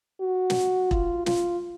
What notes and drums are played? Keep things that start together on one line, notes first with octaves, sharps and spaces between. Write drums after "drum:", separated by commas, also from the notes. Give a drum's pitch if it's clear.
F#4
drum: snare
F4, drum: kick E1
F4, drum: snare